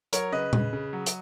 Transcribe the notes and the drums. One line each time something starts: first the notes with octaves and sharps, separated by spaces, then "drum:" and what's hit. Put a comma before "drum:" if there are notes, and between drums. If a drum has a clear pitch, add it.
F#3 A#4 C#5, drum: hi-hat
C#3 B4 D#5
C#3, drum: tom A#2
C#3
F#3
drum: hi-hat